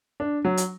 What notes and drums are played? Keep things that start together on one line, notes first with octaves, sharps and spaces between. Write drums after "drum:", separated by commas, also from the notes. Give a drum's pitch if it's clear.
D4
F#3
drum: hi-hat